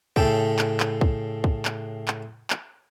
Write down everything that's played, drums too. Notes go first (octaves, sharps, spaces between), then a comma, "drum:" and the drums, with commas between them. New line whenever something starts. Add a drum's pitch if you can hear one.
A2 C#3 A4 G5, drum: kick
drum: clap
drum: clap
drum: kick
drum: kick
drum: clap
drum: clap
drum: clap